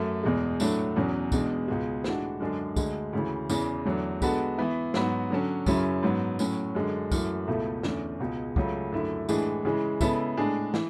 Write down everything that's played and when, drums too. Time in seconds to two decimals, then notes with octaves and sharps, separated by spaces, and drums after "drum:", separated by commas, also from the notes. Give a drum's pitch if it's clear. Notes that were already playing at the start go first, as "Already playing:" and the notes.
Already playing: F#2 A3
0.23 E2 B2 G#3
0.60 A2 F#3 A3 D4, drum: tambourine
0.96 E2 B2 F#3 C#4
1.32 E2 B2 G#3 D4, drum: kick, tambourine
1.68 C#2 B2 G#3
2.04 A2 E3 G#3 D4 F#4, drum: snare
2.40 F#2 D3 G#3 D4 G#4
2.76 D2 D3 G#3, drum: kick, tambourine
3.13 D2 C#3 E3
3.49 E2 C#3 E3, drum: tambourine
3.85 E2 D3 F#3 A3
4.22 D3 G#3 B3 F#4 A4, drum: kick, tambourine
4.58 E3 B3 E4
4.94 G#2 F#3 B3 F#4, drum: snare
5.30 D3 F#3 C#4
5.66 F#2 C#3 F#3 C#4 E4, drum: kick, tambourine
6.03 G#2 F#3 B3
6.39 A2 F#3 C#4, drum: tambourine
6.75 F#2 D3 G#3
7.12 F#2 E3 A3, drum: kick, tambourine
7.47 C#2 B2 A3 E4 A4
7.83 E2 D3 A3 C#4, drum: snare
8.20 C#2 B2 G#3
8.56 C#2 C#3 F#3 A3, drum: kick
8.92 F#2 D3 A3 E4
9.29 A2 E3 G#3 D4 G#4, drum: tambourine
9.65 C#3 E3 G#3
10.01 C#3 G#3 B3 E4 A4, drum: kick, tambourine
10.37 A2 G#3 D4 G#4
10.74 E3, drum: snare